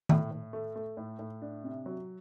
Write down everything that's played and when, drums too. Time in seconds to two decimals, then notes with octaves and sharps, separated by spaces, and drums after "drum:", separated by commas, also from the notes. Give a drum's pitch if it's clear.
0.09 A2, drum: tom D#3
0.31 A2
0.53 A3
0.76 A3
0.97 A2
1.19 A2
1.42 D4
1.64 C3
1.86 F#3